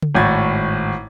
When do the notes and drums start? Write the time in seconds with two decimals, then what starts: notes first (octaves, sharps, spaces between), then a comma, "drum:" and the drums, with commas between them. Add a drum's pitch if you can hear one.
0.02 drum: tom C#3
0.14 G#1 A2 G#6 A6